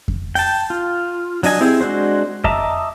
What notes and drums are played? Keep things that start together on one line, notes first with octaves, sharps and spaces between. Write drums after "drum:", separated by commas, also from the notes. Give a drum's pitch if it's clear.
drum: kick F2
G5 A5, drum: open hi-hat
F4
F#3 D4 D#5 G#5, drum: open hi-hat
C4 E4 G4 G#4
G#3 D4 F#4 C5
D#5 E5 A5 A#5 D6, drum: kick F2